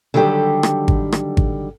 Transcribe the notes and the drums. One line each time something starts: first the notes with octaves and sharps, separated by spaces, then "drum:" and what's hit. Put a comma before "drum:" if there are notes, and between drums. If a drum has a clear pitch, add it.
D3 D#3 F#3 G3 G4 A4
drum: rim click
drum: kick G#1
drum: rim click
drum: kick G#1